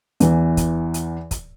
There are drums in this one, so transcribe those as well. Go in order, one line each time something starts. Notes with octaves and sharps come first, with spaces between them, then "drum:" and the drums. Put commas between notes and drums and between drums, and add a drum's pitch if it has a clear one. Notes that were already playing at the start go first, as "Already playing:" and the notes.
E2 E3, drum: hi-hat
drum: kick, hi-hat
drum: hi-hat
drum: kick, hi-hat